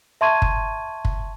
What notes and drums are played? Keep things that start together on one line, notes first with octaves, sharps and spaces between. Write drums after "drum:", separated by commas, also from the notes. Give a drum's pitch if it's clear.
E5 A5 C6 C#6 G#6 D#7
drum: kick
drum: kick